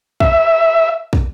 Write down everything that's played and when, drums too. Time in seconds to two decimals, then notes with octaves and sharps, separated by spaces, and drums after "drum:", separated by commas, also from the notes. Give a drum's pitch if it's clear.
0.20 E5, drum: kick
1.13 drum: kick